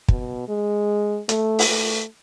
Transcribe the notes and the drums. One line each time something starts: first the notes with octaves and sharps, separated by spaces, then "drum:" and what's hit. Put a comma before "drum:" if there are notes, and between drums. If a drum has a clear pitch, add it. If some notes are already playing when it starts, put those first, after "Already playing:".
B2, drum: kick
G#3
A3, drum: hi-hat
drum: open hi-hat
A3